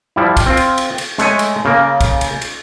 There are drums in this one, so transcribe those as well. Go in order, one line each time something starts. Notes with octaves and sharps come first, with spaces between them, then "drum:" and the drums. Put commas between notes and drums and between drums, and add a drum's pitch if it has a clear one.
F3 G3 E4
drum: kick, cymbal
C4 F4
drum: cymbal
drum: cymbal
drum: cymbal
G#3 A3 C#5 G#5, drum: snare
drum: cymbal
C#3 A#3
drum: kick, cymbal
drum: cymbal
drum: cymbal